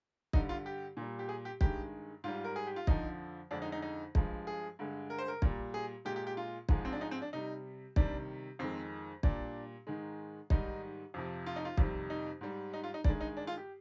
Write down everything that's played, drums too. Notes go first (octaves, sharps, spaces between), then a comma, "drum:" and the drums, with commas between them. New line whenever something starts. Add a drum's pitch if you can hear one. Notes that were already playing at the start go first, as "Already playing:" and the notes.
G2 D3 G3 D#4, drum: kick
F4
G4
A#2 G3
G4
G#4
G4
G2 D#3 G#3 G4, drum: kick
G#2 G3 F4
A#4
G#4
G4
F4
F2 D3 F3 D#4, drum: kick
F2 D3 G#3 D4
D#4
D#4
D#4
G2 F3 G#3, drum: kick
G#4
G2 D3 G#3
A#4
C5
A#4
A#2 G3, drum: kick
G#4
A#2 G#3 G4
G4
G4
F4
G#2 F3 G#3, drum: kick
C4
D4
D#4
C4
D4
C3 G3 D#4
C3 D#3 G3 D4, drum: kick
F2 D#3 G#3 C4
A#2 G3 D4, drum: kick
G#2 D#3 G#3
G#2 D#3 G3 D#4, drum: kick
F2 C3 F3
F4
D#4
F4
F2 C3 D#3 G3, drum: kick
D#4
G#2 G3
D#4
F4
D#4
G2 D#3 G#3 D4, drum: kick
D#4
D4
F4
G4